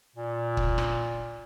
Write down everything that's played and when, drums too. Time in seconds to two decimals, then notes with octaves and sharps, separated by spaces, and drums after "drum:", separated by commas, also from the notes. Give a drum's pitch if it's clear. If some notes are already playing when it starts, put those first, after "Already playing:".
0.16 A#2
0.57 drum: kick
0.78 drum: rim click